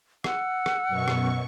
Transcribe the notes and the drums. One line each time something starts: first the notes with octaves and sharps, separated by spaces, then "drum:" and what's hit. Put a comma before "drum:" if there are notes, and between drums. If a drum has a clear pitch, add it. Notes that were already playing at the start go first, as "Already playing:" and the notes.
F#5 E6, drum: rim click
drum: rim click
F#2 B2 C#6
drum: rim click